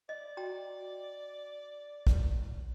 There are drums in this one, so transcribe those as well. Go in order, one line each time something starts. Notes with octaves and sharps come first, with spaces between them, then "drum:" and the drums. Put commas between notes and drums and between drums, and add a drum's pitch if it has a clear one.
D5 D#5
F#4 G5 A#5
drum: kick A#1